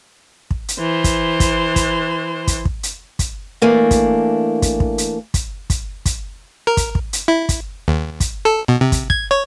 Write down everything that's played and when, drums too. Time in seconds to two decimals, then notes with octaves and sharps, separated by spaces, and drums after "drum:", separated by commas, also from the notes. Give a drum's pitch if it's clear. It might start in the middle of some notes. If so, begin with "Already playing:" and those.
0.51 drum: kick
0.68 drum: hi-hat
0.79 E3 C5
1.04 drum: kick, hi-hat
1.40 drum: kick, hi-hat
1.76 drum: kick, hi-hat
2.47 drum: kick, hi-hat
2.65 drum: kick
2.83 drum: hi-hat
3.19 drum: kick, hi-hat
3.62 E3 A3 A#3 D4
3.91 drum: kick, hi-hat
4.62 drum: kick, hi-hat
4.80 drum: kick
4.98 drum: hi-hat
5.34 drum: kick, hi-hat
5.70 drum: kick, hi-hat
6.06 drum: kick, hi-hat
6.67 A#4
6.77 drum: kick, hi-hat
6.95 drum: kick
7.13 drum: hi-hat
7.28 E4
7.49 drum: kick, hi-hat
7.88 D#2
8.20 drum: kick, hi-hat
8.45 A4
8.68 B2
8.81 C3
8.92 drum: kick, hi-hat
9.10 G#6, drum: kick
9.31 C#5